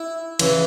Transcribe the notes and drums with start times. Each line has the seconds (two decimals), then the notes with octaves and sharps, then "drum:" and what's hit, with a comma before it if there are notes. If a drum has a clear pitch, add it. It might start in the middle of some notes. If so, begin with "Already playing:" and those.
Already playing: E4
0.39 C#3 E3, drum: cymbal